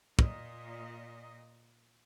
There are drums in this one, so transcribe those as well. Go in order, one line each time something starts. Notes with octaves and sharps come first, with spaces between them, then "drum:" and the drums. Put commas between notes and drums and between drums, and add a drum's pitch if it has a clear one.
A#2 D#5, drum: kick